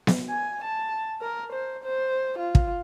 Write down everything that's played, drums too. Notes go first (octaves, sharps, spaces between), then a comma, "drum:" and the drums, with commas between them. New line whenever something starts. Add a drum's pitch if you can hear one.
drum: snare B3
G#5
A5
A#4
C5
C5
F4
drum: kick